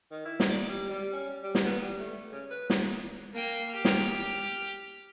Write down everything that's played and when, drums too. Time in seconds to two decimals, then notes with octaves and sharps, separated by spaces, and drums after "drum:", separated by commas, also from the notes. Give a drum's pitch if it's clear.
0.11 D#3
0.25 E4
0.40 drum: snare
0.50 D5
0.69 G3
0.91 G3
1.13 C#4
1.43 G3
1.55 drum: snare
1.65 B3
1.80 G3
2.00 A3
2.32 C#3
2.51 B4
2.70 drum: snare
3.34 A#3 G5
3.70 G4 F6
3.85 drum: snare